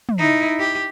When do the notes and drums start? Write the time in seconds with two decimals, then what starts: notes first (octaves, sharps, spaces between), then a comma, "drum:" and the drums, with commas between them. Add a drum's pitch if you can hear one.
0.09 drum: tom
0.18 D#4 E4
0.60 G4